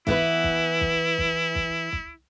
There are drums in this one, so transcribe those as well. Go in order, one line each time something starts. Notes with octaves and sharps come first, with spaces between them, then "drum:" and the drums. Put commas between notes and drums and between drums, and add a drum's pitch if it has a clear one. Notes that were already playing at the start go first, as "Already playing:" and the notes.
E3 B3 E4 B4, drum: kick
drum: kick
drum: kick
drum: kick
drum: kick
drum: kick